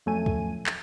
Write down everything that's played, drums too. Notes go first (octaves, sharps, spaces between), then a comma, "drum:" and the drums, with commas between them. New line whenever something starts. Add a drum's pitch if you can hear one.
F2 F#3 A3 C#4 G#5 D#7
drum: kick
drum: clap